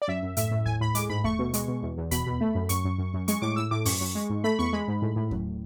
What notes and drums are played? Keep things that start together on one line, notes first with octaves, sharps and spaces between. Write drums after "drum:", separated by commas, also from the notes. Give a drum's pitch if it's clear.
D5
F#2 E5
F#2
A2 E5, drum: hi-hat
A2
A2 G#5, drum: kick D#2
A2 B5
G#3 D6, drum: hi-hat
G#2 B5
A3 C#6, drum: kick D#2
B2
G#3, drum: hi-hat
B2
E2
E2
B2 B5, drum: kick D#2, hi-hat
B2
A3
F#2
F#2 C#6, drum: hi-hat
F#2
F#2
F#2
G#3 C#6, drum: hi-hat
A2 D6
A2 E6
A2 D6
F#2 C#6, drum: open hi-hat
F#2
G#3
G#2
A3 B5
E2 C#6
G#3 B5
G#2
A2
A2
F#2, drum: kick D#2